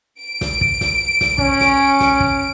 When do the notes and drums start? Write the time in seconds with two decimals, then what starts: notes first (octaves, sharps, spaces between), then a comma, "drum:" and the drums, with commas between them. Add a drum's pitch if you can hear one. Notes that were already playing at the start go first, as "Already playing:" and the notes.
0.21 D7
0.41 drum: snare
0.61 drum: kick
0.81 drum: snare
1.21 drum: snare
1.38 C#4, drum: kick
1.61 drum: snare
2.00 drum: snare
2.20 drum: kick